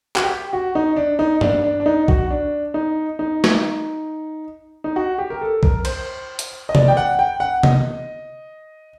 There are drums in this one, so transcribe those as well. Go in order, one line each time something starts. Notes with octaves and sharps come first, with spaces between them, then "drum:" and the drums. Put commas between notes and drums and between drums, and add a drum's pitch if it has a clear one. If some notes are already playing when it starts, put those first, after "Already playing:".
F#4, drum: clap
G4
F#4
D#4
D4
D#4
D4, drum: tom G2
D4
D4
D#4
F#4, drum: kick B1
D4
D#4
D#4
drum: snare
D#4
F#4
G4
A#4
A4
A#4, drum: kick B1
C5, drum: cymbal
drum: hi-hat
D#5
D5, drum: tom C3
G5
F#5
G5
F#5
D#5, drum: tom C3